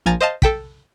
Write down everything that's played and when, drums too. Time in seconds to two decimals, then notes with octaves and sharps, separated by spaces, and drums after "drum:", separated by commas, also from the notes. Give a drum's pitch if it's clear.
0.06 A#1 F3 G#5 A#5 A6
0.21 C5 D#5 F5 A5
0.42 A4 G5 B6, drum: kick